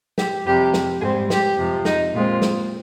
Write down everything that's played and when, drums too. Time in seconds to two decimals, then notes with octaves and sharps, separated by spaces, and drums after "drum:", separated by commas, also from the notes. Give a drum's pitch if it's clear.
0.18 G4, drum: snare
0.45 F2 C3 G3 G4
0.74 drum: snare
1.01 G#2 G3 C4 G#4
1.30 G4, drum: snare
1.58 F2 C3 F3
1.85 D#4, drum: snare
2.13 A#2 G#3 C4 F4
2.42 drum: snare